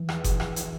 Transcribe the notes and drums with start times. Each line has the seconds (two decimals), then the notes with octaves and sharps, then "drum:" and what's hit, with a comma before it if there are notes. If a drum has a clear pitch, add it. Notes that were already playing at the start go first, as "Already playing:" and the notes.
Already playing: E3
0.09 E2, drum: rim click
0.24 E1, drum: kick F#1, hi-hat
0.40 E2, drum: rim click
0.56 E3, drum: hi-hat